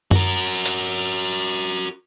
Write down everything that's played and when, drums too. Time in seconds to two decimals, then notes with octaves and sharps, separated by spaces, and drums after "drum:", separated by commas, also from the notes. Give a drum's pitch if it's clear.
0.11 F#4 A#4, drum: tom F#2
0.66 drum: hi-hat